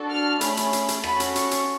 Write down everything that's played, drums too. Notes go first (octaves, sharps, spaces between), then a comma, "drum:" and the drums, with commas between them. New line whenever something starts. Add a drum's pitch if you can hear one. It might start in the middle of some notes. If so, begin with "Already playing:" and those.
Already playing: D4 F#4 A4
F6
A3 C#4 G#4 B5, drum: hi-hat
drum: hi-hat
drum: hi-hat
drum: hi-hat
C#4 F#4 A4 B5, drum: rim click
drum: hi-hat
C#6, drum: hi-hat
drum: hi-hat